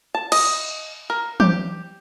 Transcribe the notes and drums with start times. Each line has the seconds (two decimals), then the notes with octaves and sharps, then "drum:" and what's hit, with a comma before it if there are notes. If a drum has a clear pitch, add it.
0.15 A5
0.32 D#5, drum: cymbal
1.10 A#4
1.40 G4, drum: tom E3